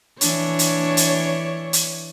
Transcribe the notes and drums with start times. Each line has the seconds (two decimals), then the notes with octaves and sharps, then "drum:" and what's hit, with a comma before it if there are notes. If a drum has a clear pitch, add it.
0.21 E3 D4 C#5, drum: hi-hat
0.59 drum: hi-hat
0.97 drum: hi-hat
1.73 drum: hi-hat